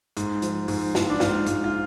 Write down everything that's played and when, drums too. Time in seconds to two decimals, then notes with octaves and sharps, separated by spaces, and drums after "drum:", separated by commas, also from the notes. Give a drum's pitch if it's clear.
0.17 G#2, drum: hi-hat
0.42 F3, drum: hi-hat
0.68 G#2, drum: open hi-hat
0.95 G#2, drum: snare
1.10 D4
1.20 G#2 F4, drum: snare
1.46 G#2, drum: hi-hat
1.64 F4